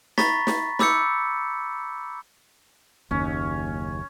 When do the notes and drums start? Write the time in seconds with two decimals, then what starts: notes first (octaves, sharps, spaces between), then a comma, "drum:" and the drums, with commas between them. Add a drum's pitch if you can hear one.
0.18 A#5 B5 C#6 A6 B6, drum: snare
0.47 drum: snare
0.79 B5 D6 E6 G6 C#7, drum: snare
3.11 F#1 D#2 C#4